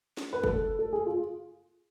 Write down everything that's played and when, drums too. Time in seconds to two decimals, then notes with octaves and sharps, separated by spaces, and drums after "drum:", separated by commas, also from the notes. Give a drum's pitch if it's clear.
0.17 drum: snare
0.33 B4
0.44 A4, drum: kick F#1
0.79 A4
0.93 G#4
1.06 F4